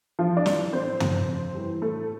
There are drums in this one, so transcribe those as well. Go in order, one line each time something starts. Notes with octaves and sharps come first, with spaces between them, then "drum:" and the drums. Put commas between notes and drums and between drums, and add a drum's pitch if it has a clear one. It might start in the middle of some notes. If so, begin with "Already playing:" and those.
G2 F3 F4
D4 D5
E3 G3, drum: snare
A2 C4 C5
F3, drum: tom
F2
E3 G3
A2 A3 A4